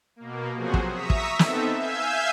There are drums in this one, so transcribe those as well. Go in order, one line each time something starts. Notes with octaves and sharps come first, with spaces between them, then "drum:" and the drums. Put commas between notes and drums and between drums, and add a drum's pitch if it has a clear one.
B2 A#3
C3 F3 F#3 F#4 G#4 C5
drum: kick
E5 A#5 C#6 D#6 E6 B6
drum: kick
B3 C4 D#4 A4 E5, drum: snare
E5 F5 G#5 E6 G6